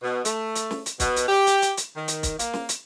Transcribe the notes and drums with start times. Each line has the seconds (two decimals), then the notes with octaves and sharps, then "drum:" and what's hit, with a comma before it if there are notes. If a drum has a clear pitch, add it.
0.02 B2
0.25 A3, drum: hi-hat
0.55 drum: hi-hat
0.71 drum: snare
0.86 drum: hi-hat
1.00 B2, drum: kick, hi-hat
1.16 drum: hi-hat
1.28 G4
1.47 drum: hi-hat
1.62 drum: hi-hat
1.77 drum: hi-hat
1.96 D#3
2.08 drum: hi-hat
2.23 drum: kick, hi-hat
2.39 A#3, drum: hi-hat
2.53 drum: snare
2.69 drum: hi-hat